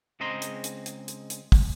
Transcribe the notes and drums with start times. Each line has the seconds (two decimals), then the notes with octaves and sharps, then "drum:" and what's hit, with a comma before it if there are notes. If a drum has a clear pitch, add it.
0.20 C#2 G#3 C4 D#5 A#5 C6
0.42 drum: hi-hat
0.64 drum: hi-hat
0.86 drum: hi-hat
1.08 drum: hi-hat
1.30 drum: hi-hat
1.52 drum: kick, open hi-hat